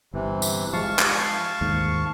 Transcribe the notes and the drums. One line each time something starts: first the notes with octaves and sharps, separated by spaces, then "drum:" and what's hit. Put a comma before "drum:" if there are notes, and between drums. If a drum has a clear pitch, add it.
G1 C3 E3
drum: tambourine
F3 G#3 F5 A5 C#6
drum: clap
D#2 G#2